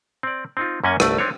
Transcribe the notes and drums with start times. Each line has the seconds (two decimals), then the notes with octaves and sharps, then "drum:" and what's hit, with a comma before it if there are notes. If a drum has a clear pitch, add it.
0.23 C4 D5
0.57 C4 D#4 F4
0.84 F#2 A#3 C#4 D#5 F#5 G#5
1.00 G1 C2 A3 D5, drum: rim click
1.18 C4 D4 C#5